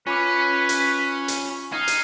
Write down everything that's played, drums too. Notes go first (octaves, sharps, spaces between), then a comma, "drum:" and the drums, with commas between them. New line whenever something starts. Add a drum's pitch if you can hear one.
C#4 F4 B4 B5 D6
drum: hi-hat
drum: hi-hat
D#4 F5 G#6
drum: hi-hat